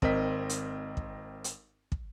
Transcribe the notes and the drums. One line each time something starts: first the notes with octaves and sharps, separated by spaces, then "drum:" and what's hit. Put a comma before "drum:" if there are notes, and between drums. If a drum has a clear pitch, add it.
G#1 C4 A#4 D#5 B6, drum: kick
drum: hi-hat
drum: kick
drum: hi-hat
drum: kick